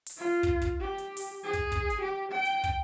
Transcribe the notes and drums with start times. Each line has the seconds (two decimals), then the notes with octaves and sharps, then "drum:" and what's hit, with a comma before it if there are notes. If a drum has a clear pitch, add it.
0.06 drum: open hi-hat
0.17 F4
0.43 drum: kick, hi-hat
0.62 drum: kick, hi-hat
0.80 G4
0.98 drum: hi-hat
1.17 drum: open hi-hat
1.44 G#4
1.53 drum: kick, hi-hat
1.72 drum: kick, hi-hat
1.90 drum: hi-hat
2.01 G4
2.32 G5
2.45 drum: hi-hat
2.64 drum: kick, hi-hat